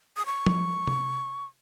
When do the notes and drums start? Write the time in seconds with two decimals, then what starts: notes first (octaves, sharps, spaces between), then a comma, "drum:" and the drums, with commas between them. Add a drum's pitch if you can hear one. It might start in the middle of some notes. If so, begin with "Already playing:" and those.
0.17 D#6
0.26 C#6
0.46 drum: tom F3
0.87 drum: tom C3